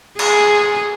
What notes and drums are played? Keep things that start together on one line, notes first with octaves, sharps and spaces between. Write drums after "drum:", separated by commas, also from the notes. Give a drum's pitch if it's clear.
G#4, drum: cymbal